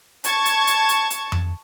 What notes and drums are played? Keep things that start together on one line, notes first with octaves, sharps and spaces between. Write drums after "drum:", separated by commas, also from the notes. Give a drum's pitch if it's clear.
A5 C#6 G#6, drum: hi-hat
drum: hi-hat
drum: hi-hat
drum: hi-hat
drum: hi-hat
drum: tom F2